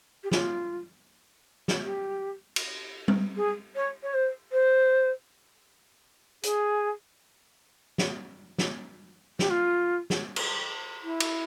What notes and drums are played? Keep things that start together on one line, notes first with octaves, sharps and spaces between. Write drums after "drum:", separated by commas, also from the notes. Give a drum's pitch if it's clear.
G4
F4, drum: snare
drum: snare
G4
drum: cymbal
drum: tom G3
G#4
C#5
C#5
C5
C5
G#4, drum: hi-hat
drum: snare
drum: snare
G4, drum: snare
F4
drum: snare
drum: cymbal
E4
drum: cymbal